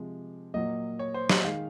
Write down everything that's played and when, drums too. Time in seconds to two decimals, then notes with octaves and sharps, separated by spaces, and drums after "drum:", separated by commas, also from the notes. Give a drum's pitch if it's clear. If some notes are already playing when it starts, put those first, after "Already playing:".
Already playing: C3 F3 G#3
0.54 A#2 F#3 A#3 D#5
0.99 C#5
1.14 C5
1.30 D#5, drum: snare
1.44 D#3 G#3 F5